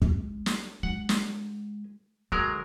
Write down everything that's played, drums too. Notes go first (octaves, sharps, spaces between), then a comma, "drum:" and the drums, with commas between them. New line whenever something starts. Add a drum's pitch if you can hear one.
G#3, drum: kick
drum: snare
G#3 F#5
drum: snare
D3 F#3 G#3 A#4